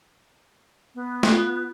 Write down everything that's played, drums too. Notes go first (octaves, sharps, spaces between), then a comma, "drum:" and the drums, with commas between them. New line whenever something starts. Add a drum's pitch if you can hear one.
B3
drum: snare
F4